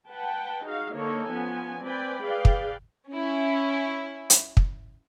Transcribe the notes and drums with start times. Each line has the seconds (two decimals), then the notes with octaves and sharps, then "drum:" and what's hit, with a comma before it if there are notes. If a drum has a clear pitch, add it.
0.10 B4 F#5 G5 A5
0.64 D#4 F#4 G#4 F5
0.94 D3 A#3 D#4 A4 C#5
1.32 F3 B3 C#4 G#5
1.84 C4 B4 D5 G5 G#5 B5
2.23 G#4 B4 D5 F5 G5
2.45 drum: kick
3.10 C#4 E4
4.30 drum: hi-hat
4.57 drum: kick